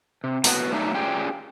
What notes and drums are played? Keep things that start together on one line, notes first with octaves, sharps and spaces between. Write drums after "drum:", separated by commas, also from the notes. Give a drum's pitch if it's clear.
C3
A2 B3 F#4, drum: open hi-hat
F#3 A3 D4 D#4 E5
C#4 F4 G4 G#4 D5 G5